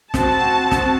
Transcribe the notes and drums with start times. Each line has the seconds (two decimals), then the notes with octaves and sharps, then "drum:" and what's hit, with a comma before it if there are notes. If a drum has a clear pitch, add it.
0.14 C4 F#4 A5, drum: snare
0.71 drum: snare